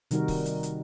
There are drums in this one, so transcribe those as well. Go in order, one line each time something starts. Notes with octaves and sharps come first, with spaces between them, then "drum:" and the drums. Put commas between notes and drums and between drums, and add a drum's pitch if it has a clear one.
C3 D#3 G3 D#4 F#4 A#4, drum: hi-hat
drum: kick C#1, open hi-hat
drum: hi-hat
drum: hi-hat